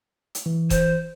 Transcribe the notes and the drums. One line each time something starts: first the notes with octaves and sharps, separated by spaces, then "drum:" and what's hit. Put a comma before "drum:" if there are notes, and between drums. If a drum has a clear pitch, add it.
drum: hi-hat
E3
C5, drum: kick E1, hi-hat